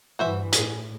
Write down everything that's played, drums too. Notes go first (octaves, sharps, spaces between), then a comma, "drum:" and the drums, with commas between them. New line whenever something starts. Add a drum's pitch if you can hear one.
G2 E3 F#4 C5 E5
A2 G#4, drum: hi-hat